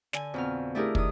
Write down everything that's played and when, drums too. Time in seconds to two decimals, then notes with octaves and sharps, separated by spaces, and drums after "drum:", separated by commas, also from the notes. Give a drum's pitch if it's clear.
0.13 D3 G#5, drum: snare
0.34 F2 B2 F6
0.75 A3 D4 E4 G4 G#4 A#4
0.95 D#3 D#6, drum: kick